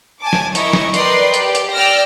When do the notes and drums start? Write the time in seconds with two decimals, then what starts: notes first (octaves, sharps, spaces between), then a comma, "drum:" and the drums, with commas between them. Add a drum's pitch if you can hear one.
0.20 G#5 A5 D6
0.33 drum: snare
0.55 E4 A#4 D#5 C#6, drum: hi-hat
0.73 drum: snare
0.94 A#4 B4 D5 D#5 G5 C6, drum: hi-hat
1.34 G4 D5, drum: hi-hat
1.55 drum: hi-hat
1.72 D5 G5 E6 F6 A#6